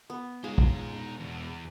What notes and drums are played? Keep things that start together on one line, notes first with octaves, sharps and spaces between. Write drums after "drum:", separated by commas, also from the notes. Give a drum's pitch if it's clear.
B3
C#4 D#4 F4 G#4 G#5
drum: kick
B2 G#3
E2